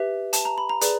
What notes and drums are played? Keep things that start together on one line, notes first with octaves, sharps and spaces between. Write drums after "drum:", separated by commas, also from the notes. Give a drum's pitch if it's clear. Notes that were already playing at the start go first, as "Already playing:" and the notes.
Already playing: G4 B4 E5
A5, drum: hi-hat
A#5
B5
A#5
G#4 B4 D5, drum: hi-hat